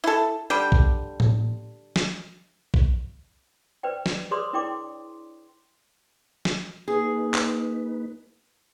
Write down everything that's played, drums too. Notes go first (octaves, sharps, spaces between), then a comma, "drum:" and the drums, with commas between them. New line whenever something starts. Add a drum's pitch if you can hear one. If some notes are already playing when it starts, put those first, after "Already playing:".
E4 A4
D3 G3 G5
drum: kick A#1
drum: tom A2
drum: snare
drum: kick A#1
B4 C5 D5 G5
drum: snare
G#4 B4 C#5 D5 C6 D#6
D4 E4 D5 G5 C6 D6
drum: snare
A#3 D#4 G#4 B4
drum: clap